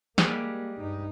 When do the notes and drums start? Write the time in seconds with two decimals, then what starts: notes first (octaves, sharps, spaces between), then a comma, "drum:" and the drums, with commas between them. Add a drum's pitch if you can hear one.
0.18 G3 G#3 A#3 G4, drum: snare
0.78 G2 D#4